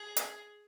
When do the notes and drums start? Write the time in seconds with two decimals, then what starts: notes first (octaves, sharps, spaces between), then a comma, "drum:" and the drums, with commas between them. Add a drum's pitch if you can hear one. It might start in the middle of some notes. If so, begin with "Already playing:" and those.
Already playing: G#4
0.16 drum: hi-hat